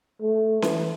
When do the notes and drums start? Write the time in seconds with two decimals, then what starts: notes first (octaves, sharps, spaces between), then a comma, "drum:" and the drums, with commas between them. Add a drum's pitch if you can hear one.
0.21 A3
0.62 E3, drum: snare C#4